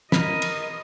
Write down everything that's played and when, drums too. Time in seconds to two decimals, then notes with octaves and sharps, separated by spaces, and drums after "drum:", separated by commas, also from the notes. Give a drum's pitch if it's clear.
0.12 A#4 D#5 B5, drum: snare
0.42 drum: cymbal